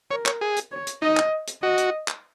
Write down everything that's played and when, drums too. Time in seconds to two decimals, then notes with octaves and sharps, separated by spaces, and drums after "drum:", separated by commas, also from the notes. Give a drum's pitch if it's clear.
0.11 A#4 C#5
0.26 C#5, drum: clap
0.41 G#4
0.56 drum: hi-hat
0.71 C#5
0.87 drum: hi-hat
1.02 D#4 D#5
1.17 drum: clap
1.47 drum: hi-hat
1.62 F#4 D#5
1.78 drum: hi-hat
2.08 drum: clap